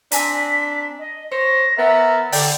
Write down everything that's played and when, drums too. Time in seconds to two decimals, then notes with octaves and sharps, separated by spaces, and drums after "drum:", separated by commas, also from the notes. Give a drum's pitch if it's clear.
0.12 C4 D4 G#5 A#5 B6, drum: hi-hat
0.99 D#5
1.32 C5 C#5 A#6
1.78 B3 A#4 E5 A6
2.32 D3 D5 G5, drum: open hi-hat